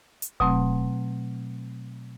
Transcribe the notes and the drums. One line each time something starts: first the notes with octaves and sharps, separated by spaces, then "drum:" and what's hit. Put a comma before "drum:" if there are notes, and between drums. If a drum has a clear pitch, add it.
drum: hi-hat
B2 F#3 A3 C4, drum: kick D#1